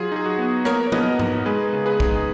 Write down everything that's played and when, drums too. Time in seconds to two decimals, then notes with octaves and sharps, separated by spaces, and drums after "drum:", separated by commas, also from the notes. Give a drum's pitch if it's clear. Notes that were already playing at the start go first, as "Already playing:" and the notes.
Already playing: F#3 F4 G#4
0.12 D#4 G#4
0.25 F#4
0.38 B3
0.65 A#3 A#4 C#5, drum: rim click
0.87 C#5
0.92 B2 B4 D#5, drum: tom
1.19 D#4, drum: tom G#2
1.46 G#3 G#4 B4
1.73 C#3
1.86 G#4 B4
2.00 D#4, drum: kick